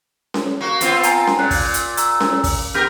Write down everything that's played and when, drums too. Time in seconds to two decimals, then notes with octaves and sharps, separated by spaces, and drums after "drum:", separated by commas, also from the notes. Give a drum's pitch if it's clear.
0.34 drum: snare C#4
0.61 A#3 F#4
0.81 B3 C4 F4, drum: hi-hat
1.03 G#5 A#5, drum: hi-hat
1.27 drum: snare C#4
1.39 A#2 F#6
1.51 drum: kick, open hi-hat
1.74 drum: hi-hat
1.97 A#5 E6, drum: hi-hat
2.20 drum: snare C#4
2.44 drum: kick, open hi-hat
2.74 B3 G4 A#4 F6 G6 A#6